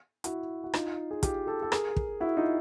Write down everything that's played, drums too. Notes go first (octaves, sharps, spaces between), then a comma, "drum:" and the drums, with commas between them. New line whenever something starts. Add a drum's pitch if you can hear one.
E4 F#4, drum: hi-hat
F#4
D#4 F4, drum: rim click
G#4
F4 G4, drum: kick, hi-hat
G4 A4
A4
G#4 A#4, drum: rim click
drum: kick
E4 F#4
D#4 F4